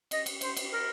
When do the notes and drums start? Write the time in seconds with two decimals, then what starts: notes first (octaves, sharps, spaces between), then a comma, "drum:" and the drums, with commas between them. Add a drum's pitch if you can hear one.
0.11 D#5, drum: cymbal
0.26 drum: cymbal
0.41 C5, drum: cymbal
0.57 drum: cymbal
0.71 A#4